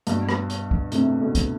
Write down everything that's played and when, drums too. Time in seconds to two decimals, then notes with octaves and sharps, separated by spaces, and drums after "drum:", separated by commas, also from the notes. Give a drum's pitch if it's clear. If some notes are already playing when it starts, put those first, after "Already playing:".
0.07 G2 B2, drum: hi-hat
0.29 drum: rim click
0.50 drum: hi-hat
0.71 drum: kick
0.92 A2 C3, drum: hi-hat
1.21 B2 D3
1.35 drum: kick, hi-hat